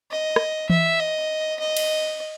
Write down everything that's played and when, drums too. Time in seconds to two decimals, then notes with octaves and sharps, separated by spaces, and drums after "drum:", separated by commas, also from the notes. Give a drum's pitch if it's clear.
0.11 D#5
0.36 drum: rim click
0.70 E5, drum: tom E3
1.00 D#5
1.60 D#5
1.77 drum: cymbal